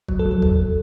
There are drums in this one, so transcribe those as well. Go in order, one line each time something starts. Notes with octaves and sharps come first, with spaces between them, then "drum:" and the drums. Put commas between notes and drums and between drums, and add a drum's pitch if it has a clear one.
F#3, drum: kick
A4
F#3
A4
E2, drum: kick